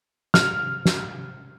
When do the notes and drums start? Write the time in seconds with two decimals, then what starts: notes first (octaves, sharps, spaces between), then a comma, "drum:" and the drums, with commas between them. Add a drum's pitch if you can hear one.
0.34 F6, drum: snare
0.85 drum: snare